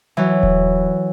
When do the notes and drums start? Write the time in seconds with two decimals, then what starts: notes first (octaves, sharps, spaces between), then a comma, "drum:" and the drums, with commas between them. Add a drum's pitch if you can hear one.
0.17 E3 F#3
0.43 drum: kick D#1